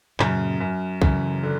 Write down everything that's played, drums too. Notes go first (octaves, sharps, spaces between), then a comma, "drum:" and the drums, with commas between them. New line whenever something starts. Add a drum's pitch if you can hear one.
F#2 A#2 C#3, drum: clap
F#2
F#2 C#3 E3, drum: kick
D3